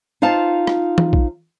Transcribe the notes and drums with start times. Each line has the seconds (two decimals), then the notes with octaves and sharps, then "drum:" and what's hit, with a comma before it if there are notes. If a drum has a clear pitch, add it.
0.22 D#4 F4 C5 F5 A5
0.67 drum: rim click
0.98 drum: tom E3
1.13 drum: kick A#1